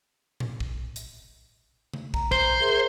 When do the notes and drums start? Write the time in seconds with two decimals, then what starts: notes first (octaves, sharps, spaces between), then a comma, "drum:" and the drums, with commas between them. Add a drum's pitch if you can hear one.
0.40 drum: tom A2
0.60 drum: kick
0.96 drum: hi-hat
1.94 drum: tom C#3
2.14 A#5, drum: kick
2.32 C5, drum: kick
2.60 G#4 A#4 E5